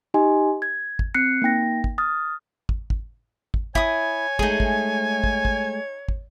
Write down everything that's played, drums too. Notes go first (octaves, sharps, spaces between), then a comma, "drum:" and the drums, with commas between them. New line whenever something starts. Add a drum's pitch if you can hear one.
D#4 G4 D#5 G#5 C6
G#6
drum: kick
C4 F#6 C7 C#7
A#3 D#4 G5 A#6
drum: kick
D#6 F6 A6
drum: kick
drum: kick
drum: kick
E4 C#5 G#5 D#6, drum: kick
G#3 A3 D#4 G#4, drum: kick
drum: kick
drum: kick
drum: kick
drum: kick